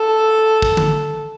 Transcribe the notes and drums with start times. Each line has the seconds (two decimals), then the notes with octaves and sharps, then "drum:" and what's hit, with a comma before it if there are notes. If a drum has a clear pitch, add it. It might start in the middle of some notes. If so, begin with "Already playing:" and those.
Already playing: A4
0.62 drum: kick
0.77 drum: tom D3